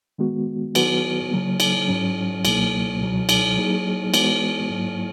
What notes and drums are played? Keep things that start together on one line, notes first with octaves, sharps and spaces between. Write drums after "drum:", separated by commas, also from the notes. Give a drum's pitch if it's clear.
D#3 G#3 B3 F#4
D#3 F#3 B3 F#4 B4, drum: cymbal
C#3 F#3 A#3
drum: cymbal
G#2 F#3 C#4
C#2 B2 F#3 A#3, drum: cymbal
C#2 B2 F#3
drum: cymbal
F#3 A#3 D#4 G#4
E3 G#3 B3 F#4 B4, drum: cymbal
G#2 F#3 A#3 E4